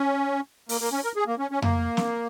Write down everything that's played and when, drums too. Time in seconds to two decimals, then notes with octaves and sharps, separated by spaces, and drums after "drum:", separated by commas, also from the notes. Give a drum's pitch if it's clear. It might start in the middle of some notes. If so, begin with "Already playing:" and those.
Already playing: C#4
0.69 A#3, drum: open hi-hat
0.81 A#3
0.92 C#4
1.04 A#4
1.16 G#4
1.27 A#3
1.39 C#4
1.51 C#4
1.62 A#3, drum: tom F2
1.97 drum: snare